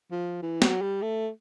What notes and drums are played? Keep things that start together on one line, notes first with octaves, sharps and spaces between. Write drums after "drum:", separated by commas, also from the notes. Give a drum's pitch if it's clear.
F3
E3
F#3, drum: snare
G3
A3